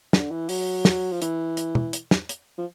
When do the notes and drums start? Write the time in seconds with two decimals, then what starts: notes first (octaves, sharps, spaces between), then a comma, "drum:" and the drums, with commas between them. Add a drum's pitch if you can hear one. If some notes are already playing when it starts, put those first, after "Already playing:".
0.13 D3, drum: snare
0.31 E3
0.49 F#3, drum: open hi-hat
0.85 drum: snare
1.12 F3
1.22 E3, drum: hi-hat
1.57 drum: hi-hat
1.75 drum: tom
1.93 drum: hi-hat
2.11 drum: snare
2.29 drum: hi-hat
2.58 F3